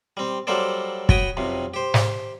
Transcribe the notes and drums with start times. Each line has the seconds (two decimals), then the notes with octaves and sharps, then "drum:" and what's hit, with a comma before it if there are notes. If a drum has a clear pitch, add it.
0.17 G3 C4
0.47 F#3 G3 A#3 A4 C5 D5
1.09 F#4 C#5 G5 B5 D#6, drum: kick
1.37 B1 F2 C3
1.74 G4 C5
1.94 drum: snare